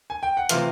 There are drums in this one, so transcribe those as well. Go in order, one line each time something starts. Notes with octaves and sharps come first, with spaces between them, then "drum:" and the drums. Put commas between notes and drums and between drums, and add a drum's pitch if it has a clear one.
G#5
G5
F#5
C3 E3 A3 F4 F5, drum: hi-hat